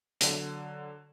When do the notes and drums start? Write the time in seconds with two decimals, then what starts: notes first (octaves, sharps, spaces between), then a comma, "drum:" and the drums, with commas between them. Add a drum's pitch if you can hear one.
0.21 D3 F#3 D#7, drum: hi-hat